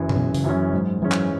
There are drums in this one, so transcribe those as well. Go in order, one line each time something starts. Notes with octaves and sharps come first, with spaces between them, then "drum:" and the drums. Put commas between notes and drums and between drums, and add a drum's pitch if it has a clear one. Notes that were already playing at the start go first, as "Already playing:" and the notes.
Already playing: F#1 F#2 E3 C#4
C#3, drum: tom F#2
F#1 B2
C#3, drum: open hi-hat
F#2 E3 C#4
F#3
G#2 F#3
E3 F#3 G#3 C#4
drum: clap